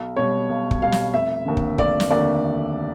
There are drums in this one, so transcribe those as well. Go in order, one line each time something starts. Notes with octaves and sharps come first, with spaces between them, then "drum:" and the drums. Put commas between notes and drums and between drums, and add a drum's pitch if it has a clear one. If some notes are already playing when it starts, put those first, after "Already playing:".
Already playing: B1
B2 G3 C#5
B1
drum: kick
B2 G3 F5
drum: snare
F1 E5
D#2 D3
drum: kick
F1 D5, drum: kick
drum: snare
D#2 D3 D5